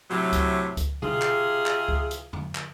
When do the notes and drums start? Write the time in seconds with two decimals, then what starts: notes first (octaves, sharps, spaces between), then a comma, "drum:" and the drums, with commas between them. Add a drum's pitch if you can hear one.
0.10 A2 C3 F#3
0.33 drum: kick C#2, hi-hat
0.77 drum: kick C#2, hi-hat
1.02 C3 F4 G#4, drum: tom B2
1.22 drum: clap
1.66 drum: clap
1.88 drum: kick C#2
2.11 drum: hi-hat
2.33 drum: tom E2
2.55 drum: clap